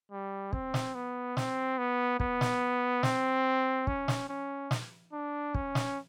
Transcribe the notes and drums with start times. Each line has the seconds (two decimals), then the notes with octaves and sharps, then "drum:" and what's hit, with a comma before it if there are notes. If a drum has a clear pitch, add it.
0.11 G3
0.53 C4, drum: kick
0.74 drum: snare
0.95 B3
1.37 C4, drum: snare
1.78 B3
2.20 B3, drum: kick
2.41 drum: snare
3.03 C4, drum: snare
3.87 C#4, drum: kick
4.08 drum: snare
4.29 C#4
4.71 drum: snare
5.12 D4
5.54 C#4, drum: kick
5.75 drum: snare